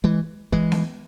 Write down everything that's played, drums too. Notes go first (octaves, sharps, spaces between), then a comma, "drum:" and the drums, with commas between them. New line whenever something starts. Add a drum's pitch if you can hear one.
E3 G#3
E3 G#3, drum: kick
drum: snare B3